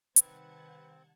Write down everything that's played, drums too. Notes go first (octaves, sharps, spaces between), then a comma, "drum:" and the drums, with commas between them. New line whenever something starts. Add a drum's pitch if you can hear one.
C3 D#3 G3 C4 B4 F#5 A5 G#6, drum: hi-hat